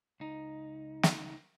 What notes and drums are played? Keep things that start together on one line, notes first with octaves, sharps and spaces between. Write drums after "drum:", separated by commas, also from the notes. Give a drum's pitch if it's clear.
C#2 D#4
drum: snare